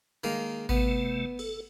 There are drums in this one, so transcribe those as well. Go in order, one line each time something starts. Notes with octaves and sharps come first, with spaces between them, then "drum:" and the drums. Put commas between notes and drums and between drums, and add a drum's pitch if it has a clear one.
D#3 G#3 A#3
C3 A3 B3, drum: kick G#1
A4, drum: cymbal